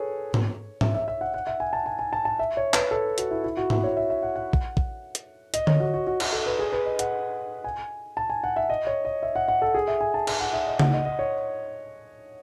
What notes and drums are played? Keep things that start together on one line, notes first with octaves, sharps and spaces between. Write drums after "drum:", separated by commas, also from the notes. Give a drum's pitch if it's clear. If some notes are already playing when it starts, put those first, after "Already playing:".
Already playing: G#4 A4 B4 C#5
drum: tom G#2
E5, drum: tom G#2
E5
E5
F#5
F#5
E5
G#5
A5
G#5
G#5
A5
A5
E5
C#5
B4, drum: clap
A4
F#4, drum: hi-hat
E4
E4
F#4
E4, drum: tom G#2
C#5
E5
E5
F#5
F#5
drum: kick
drum: kick
drum: hi-hat
D#5, drum: hi-hat
C#5, drum: tom D3
F#4
F#4
F#4
F#4, drum: cymbal
A4
B4
G#4
B4
D#5
F#5, drum: hi-hat
G#5
A5
G#5
F#5
E5
D#5
C#5
D#5
E5
F#5
F#5
A4
G#4
E5
G#5
A5
G#5, drum: cymbal
F#5
E5
D#5
F#5, drum: tom C#3
D#5
D#5
C#5